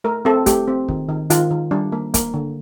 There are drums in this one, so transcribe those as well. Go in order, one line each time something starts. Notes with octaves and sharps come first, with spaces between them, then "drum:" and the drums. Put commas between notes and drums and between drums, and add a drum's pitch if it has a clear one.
A3 A#4
C4 A4
A3 G4, drum: kick, hi-hat
C4
D#3, drum: kick
D#3
D#3 F4, drum: hi-hat
D#3
G3 D4
A#3
A#3, drum: kick, hi-hat
D3